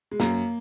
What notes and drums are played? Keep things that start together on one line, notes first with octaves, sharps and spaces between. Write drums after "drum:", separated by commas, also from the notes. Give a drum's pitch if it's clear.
G#3
F#2 A#3, drum: snare